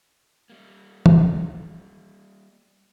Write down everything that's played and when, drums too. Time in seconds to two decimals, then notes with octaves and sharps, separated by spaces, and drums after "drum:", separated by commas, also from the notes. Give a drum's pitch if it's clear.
0.50 G3 A#3
1.06 drum: tom